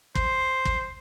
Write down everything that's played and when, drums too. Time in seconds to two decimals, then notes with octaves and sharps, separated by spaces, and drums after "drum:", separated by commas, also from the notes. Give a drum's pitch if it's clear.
0.15 C5, drum: kick
0.65 drum: kick